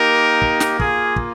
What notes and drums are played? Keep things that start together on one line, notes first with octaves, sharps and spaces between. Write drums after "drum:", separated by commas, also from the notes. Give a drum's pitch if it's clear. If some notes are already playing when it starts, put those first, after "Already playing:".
Already playing: A#3 D#4 G4 A#4
drum: kick
drum: snare
A#3 F4 G#4, drum: kick
drum: kick